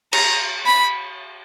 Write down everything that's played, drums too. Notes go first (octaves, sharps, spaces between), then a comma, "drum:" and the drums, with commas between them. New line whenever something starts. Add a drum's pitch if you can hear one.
A#5, drum: cymbal
B5